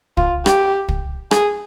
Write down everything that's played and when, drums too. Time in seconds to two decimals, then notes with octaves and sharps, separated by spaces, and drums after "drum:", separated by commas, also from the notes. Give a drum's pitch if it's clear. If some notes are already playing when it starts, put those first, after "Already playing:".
0.17 F4, drum: kick
0.46 G4, drum: rim click
0.89 drum: kick
1.31 G#4, drum: rim click